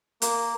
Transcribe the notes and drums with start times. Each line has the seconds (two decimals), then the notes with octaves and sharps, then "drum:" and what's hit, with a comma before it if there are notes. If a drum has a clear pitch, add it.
0.22 A#3, drum: hi-hat